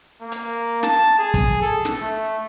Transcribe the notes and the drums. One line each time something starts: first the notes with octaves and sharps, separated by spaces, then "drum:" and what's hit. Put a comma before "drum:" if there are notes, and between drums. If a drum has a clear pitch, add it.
A#3
drum: hi-hat
A5, drum: snare
G#4
drum: kick, hi-hat
A4
drum: snare
A3